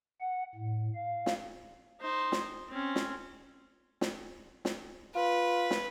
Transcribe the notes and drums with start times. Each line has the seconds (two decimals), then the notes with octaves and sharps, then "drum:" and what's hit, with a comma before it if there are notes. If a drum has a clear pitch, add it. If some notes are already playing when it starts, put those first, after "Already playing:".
0.20 F#5
0.55 A2
0.95 F5
1.26 drum: snare
2.01 D#4 C5
2.32 drum: snare
2.69 C4 C#4
2.96 drum: snare
4.01 drum: snare
4.65 drum: snare
5.15 F4 B4
5.71 drum: snare